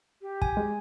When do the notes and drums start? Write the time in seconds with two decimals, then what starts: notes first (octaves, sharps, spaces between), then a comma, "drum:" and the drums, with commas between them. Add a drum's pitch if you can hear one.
0.22 G4
0.42 G#5, drum: kick
0.57 G#3